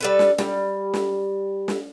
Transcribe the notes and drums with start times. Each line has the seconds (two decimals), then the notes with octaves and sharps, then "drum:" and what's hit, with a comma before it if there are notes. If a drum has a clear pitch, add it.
0.01 G3 A4 B4
0.19 drum: snare
0.38 G3, drum: snare
0.94 drum: snare
1.68 drum: snare